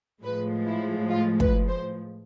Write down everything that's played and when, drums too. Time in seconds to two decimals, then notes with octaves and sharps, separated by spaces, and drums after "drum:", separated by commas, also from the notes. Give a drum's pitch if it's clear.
0.22 A2 F3 G#3 B4
0.67 E4
1.10 F4
1.40 B4, drum: kick
1.68 C5